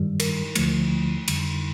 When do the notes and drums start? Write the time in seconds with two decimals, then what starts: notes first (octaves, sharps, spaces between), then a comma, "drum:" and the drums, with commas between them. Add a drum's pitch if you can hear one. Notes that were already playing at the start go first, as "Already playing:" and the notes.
Already playing: G2 D#3 G3
0.20 A#4, drum: cymbal
0.55 D2 D3 F3 A3, drum: cymbal
1.28 F2 D3 G3, drum: cymbal